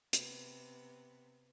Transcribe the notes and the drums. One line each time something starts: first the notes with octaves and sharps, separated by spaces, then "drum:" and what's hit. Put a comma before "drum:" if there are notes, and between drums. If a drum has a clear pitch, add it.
C3 B3, drum: hi-hat